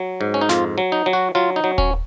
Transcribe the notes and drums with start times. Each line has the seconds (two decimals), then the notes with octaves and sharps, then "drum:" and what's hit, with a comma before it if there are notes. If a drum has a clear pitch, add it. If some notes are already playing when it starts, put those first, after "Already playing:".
Already playing: F#3
0.21 G#2
0.34 C#4
0.41 D#4
0.49 F2 F4, drum: snare
0.78 F#3
0.92 D#4
1.06 F#3
1.13 F#4
1.35 F#3 F4
1.56 D#4
1.64 F#3
1.78 C#4, drum: kick D#1